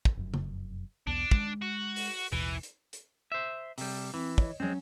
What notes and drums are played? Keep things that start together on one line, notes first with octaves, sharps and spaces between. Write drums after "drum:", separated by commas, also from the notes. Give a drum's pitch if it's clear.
drum: kick
F1 F#2
drum: tom C#3
B1 E2 B3 D4
G#3, drum: kick
F#4
drum: open hi-hat
A1 D#2 B2 E3
drum: hi-hat
drum: hi-hat
C5 E5
C3 G3, drum: open hi-hat
E3 C4
C#5 D#5, drum: kick
F#3 G#3 C4 C#4